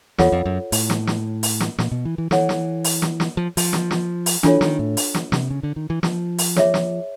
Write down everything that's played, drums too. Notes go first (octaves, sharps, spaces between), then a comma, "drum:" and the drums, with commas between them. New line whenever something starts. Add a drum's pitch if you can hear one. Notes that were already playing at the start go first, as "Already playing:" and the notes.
E2 F4 A4 C#5 F#5, drum: snare
F2
F#2
A2, drum: open hi-hat
drum: snare
drum: snare
drum: open hi-hat
drum: snare
A#2, drum: snare
B2
E3
E3
E3 A4 C#5 F#5, drum: snare
drum: snare
drum: open hi-hat
drum: snare
drum: snare
F3
F3, drum: open hi-hat
drum: snare
drum: snare
drum: open hi-hat
E3 D4 F4 A4 C#5, drum: snare
D#3, drum: snare
A2
drum: open hi-hat
drum: snare
C3, drum: snare
C#3
D3
D#3
E3
F3, drum: snare
drum: open hi-hat
G#4 C#5 E5, drum: snare
drum: snare